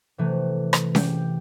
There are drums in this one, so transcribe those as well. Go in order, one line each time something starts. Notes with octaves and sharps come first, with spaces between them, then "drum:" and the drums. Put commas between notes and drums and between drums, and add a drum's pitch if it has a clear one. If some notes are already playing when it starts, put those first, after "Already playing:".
C3 E3 A3
drum: rim click
G4, drum: snare C#4